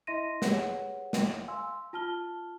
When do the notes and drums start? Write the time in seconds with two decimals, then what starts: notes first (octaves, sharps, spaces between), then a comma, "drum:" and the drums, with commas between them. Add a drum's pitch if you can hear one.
0.07 E4 D#5 E5 C6 A#6 D#7
0.42 G4 G#4 B4 C#5 F#5, drum: snare
1.13 drum: snare
1.48 F5 G#5 C6 E6
1.93 F4 A5 F6 G7